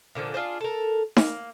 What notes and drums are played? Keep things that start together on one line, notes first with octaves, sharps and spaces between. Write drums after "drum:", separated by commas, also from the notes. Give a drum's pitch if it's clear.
A#2 D3 E3 F3
D4 F4 G#4 C5
A4 A#4
A#3, drum: snare D#4